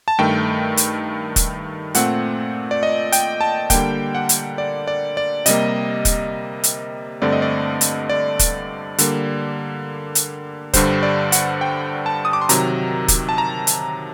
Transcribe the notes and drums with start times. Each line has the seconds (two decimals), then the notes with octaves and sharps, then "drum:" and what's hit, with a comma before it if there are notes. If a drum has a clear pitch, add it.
0.08 A5
0.18 G2 D#3 A3 G5
0.77 drum: hi-hat
1.36 drum: kick, hi-hat
1.95 A#2 A3 C4 F#5, drum: hi-hat
2.71 D5
2.83 D#5
3.12 G5, drum: hi-hat
3.41 A5
3.70 D3 G3 A#3 G5, drum: kick, hi-hat
4.15 F#5
4.29 drum: hi-hat
4.58 D5
4.88 D5
5.17 D5
5.46 C3 G3 A#3 D#5, drum: hi-hat
6.05 drum: kick, hi-hat
6.64 drum: hi-hat
7.22 G2 D3 A3 C4 D5
7.32 D#5
7.42 D5
7.81 drum: hi-hat
8.10 D5
8.39 drum: kick, hi-hat
8.98 D3 G3 A#3, drum: hi-hat
10.15 drum: hi-hat
10.74 G2 D3 G3 C5, drum: kick, hi-hat
11.03 D5
11.32 F#5, drum: hi-hat
11.61 G5
12.06 A5
12.25 D#6
12.33 D6
12.42 C6
12.49 C3 D#3 F#3 A#5, drum: hi-hat
13.08 drum: kick, hi-hat
13.29 A5
13.38 A#5
13.67 drum: hi-hat